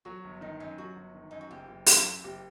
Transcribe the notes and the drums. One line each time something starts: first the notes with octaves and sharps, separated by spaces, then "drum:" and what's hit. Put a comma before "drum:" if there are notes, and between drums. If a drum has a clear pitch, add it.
F#3 F#4
G1
D#3 D#4
F#2 D#4
F#3 F#4
G1
D#3
F#2 D#4
F#4
F#1 G4
F#1
F#3, drum: open hi-hat
F#2
F#1 G4